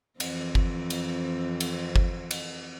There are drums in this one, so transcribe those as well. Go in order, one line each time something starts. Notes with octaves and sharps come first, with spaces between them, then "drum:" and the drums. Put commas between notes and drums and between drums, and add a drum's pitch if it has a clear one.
F2 E3 C4, drum: cymbal
drum: kick G1
drum: cymbal
drum: cymbal
drum: kick G1
drum: cymbal